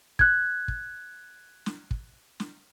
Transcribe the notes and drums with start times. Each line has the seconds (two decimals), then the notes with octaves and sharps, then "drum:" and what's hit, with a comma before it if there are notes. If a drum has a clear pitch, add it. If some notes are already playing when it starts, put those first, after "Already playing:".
0.19 F#6 G#6, drum: kick
0.68 drum: kick
1.66 drum: snare
1.91 drum: kick
2.40 drum: snare